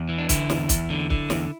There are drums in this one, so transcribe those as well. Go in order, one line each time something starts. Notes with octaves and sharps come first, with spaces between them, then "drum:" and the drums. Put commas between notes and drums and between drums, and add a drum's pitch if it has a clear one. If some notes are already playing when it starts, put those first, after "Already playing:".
Already playing: E2
E3
D4
D3 E4, drum: kick, hi-hat
E2, drum: snare
E2, drum: kick, hi-hat
D3
D3, drum: kick
E2, drum: snare